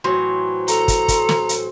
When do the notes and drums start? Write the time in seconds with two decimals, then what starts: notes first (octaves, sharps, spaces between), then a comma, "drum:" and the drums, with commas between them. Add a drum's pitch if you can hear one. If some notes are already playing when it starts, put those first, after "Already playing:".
0.04 A2 E3 F#3 C5
0.68 A4 A#5, drum: hi-hat
0.88 drum: kick, hi-hat
1.08 drum: kick, hi-hat
1.29 drum: snare
1.49 drum: hi-hat